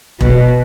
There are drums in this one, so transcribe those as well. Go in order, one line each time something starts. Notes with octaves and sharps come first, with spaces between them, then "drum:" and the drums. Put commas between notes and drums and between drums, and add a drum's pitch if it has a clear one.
B2, drum: kick E1